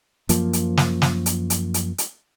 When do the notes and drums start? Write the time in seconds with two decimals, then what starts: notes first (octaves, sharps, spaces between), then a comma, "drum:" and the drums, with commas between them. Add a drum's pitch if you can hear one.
0.29 F#2 F3 A#3, drum: hi-hat
0.53 drum: hi-hat
0.77 drum: snare
1.02 drum: snare
1.26 drum: hi-hat
1.50 drum: hi-hat
1.74 drum: hi-hat
1.98 drum: hi-hat